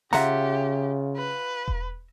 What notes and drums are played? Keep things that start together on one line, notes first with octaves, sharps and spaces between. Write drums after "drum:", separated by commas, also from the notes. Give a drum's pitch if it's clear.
C#3 F4 G4 E5 F#5 A#5, drum: snare
B4
drum: kick E1